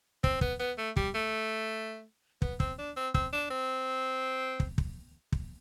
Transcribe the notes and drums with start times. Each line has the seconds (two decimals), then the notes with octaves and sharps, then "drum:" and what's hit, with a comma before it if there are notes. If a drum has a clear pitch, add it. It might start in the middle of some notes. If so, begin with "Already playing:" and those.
0.24 C4, drum: kick
0.41 B3, drum: kick
0.60 B3
0.78 A3
0.96 G3, drum: kick
1.14 A3
2.42 B3, drum: kick
2.60 C4, drum: kick
2.78 D4
2.97 C4
3.14 C4, drum: kick
3.33 D4
3.51 C4
4.60 drum: kick
4.78 drum: kick
5.32 drum: kick